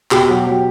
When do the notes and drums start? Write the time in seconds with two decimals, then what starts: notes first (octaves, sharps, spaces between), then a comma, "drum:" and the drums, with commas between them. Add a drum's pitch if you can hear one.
0.11 B2 G4, drum: clap
0.29 F#3
0.47 F#3